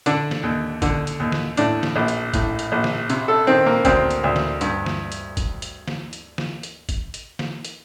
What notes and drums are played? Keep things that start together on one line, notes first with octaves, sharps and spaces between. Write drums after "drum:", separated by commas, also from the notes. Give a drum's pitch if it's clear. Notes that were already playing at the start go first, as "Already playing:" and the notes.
D3 D4, drum: hi-hat
drum: snare
D#2
D3, drum: kick, hi-hat
drum: hi-hat
D#2
drum: snare
A2 D4, drum: hi-hat
drum: snare
A#1
drum: hi-hat
A2, drum: kick, hi-hat
drum: hi-hat
A#1
drum: snare
C3, drum: hi-hat
A4
D#3 C4
A#3
D2 C4, drum: kick, hi-hat
drum: hi-hat
D2
drum: snare
G2, drum: hi-hat
drum: snare
drum: hi-hat
drum: kick, hi-hat
drum: hi-hat
drum: snare
drum: hi-hat
drum: snare
drum: hi-hat
drum: kick, hi-hat
drum: hi-hat
drum: snare
drum: hi-hat